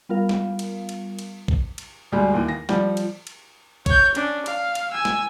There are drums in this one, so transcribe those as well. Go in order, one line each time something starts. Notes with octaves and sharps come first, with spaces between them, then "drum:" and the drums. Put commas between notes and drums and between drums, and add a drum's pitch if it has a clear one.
G3 B3 F4 A#4 F5
drum: snare
drum: cymbal
drum: cymbal
drum: cymbal
drum: kick A#1
drum: cymbal
D2 G3 G#3
D#2 E3
A#6
F3 G3, drum: snare
drum: cymbal
drum: cymbal
C#5 G6, drum: kick A#1, cymbal
C#4 D4, drum: cymbal
F5, drum: cymbal
drum: cymbal
G#5 E6
drum: snare